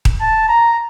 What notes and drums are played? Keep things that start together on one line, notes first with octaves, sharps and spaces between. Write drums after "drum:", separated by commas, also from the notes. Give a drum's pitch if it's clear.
drum: kick D#1
A5
A#5